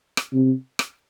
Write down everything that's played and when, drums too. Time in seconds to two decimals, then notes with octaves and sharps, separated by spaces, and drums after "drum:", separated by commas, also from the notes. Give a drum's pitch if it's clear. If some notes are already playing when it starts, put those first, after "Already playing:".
0.17 drum: rim click
0.33 C3
0.79 drum: rim click